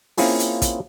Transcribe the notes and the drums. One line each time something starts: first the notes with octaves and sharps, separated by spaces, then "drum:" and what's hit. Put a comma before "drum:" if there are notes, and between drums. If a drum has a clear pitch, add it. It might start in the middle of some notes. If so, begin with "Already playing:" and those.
A#3 C4 C#4 E4 F4 G#4, drum: open hi-hat
drum: hi-hat
drum: kick, hi-hat